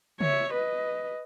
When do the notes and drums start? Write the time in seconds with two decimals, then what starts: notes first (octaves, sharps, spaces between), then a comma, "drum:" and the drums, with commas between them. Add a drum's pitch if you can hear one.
0.21 C#5 E5, drum: tom C#3
0.52 B4 D#5